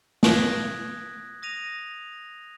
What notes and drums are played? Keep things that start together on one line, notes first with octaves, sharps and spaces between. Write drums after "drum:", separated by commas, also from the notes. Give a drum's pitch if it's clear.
D#6 F#6 G#6 A#6 B6, drum: snare
D#6 A#6 D#7 F7